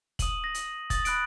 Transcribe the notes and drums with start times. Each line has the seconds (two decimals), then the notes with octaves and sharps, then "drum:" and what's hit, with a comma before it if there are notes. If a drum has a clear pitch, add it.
0.19 D#6 D#7 F#7, drum: kick, hi-hat
0.44 A#6
0.55 drum: hi-hat
0.90 D#6 A6 F#7, drum: kick, hi-hat
1.05 B5 F#6 D7, drum: hi-hat